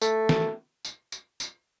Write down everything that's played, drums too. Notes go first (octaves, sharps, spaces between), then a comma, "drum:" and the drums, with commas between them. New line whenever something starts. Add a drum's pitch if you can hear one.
A3, drum: tambourine
drum: snare
drum: tambourine
drum: tambourine
drum: tambourine